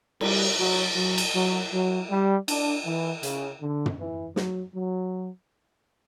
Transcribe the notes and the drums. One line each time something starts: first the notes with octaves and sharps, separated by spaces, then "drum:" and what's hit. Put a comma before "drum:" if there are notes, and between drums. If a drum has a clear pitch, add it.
G3, drum: cymbal
F#3
F#3
drum: cymbal
F#3
F#3
G3
D4, drum: cymbal
E3
C#3, drum: hi-hat
D3
drum: tom
E3
F#3, drum: snare
F#3